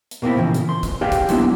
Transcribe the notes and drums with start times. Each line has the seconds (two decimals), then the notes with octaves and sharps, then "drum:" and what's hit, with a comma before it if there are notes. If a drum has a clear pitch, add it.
0.11 drum: hi-hat
0.22 B2 A#3 C4 E4
0.36 A#2 C#3 E3 F3
0.54 drum: hi-hat
0.69 C6
0.83 drum: kick, hi-hat
1.01 G4 G#4 B4 D5 F5 G5
1.12 drum: kick, hi-hat
1.29 F#3 G#3 A#3 B3 D4 E4, drum: hi-hat